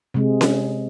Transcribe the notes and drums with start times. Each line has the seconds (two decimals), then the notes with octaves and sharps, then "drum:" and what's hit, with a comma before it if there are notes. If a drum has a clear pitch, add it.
0.14 C3 G#3
0.41 drum: snare C#4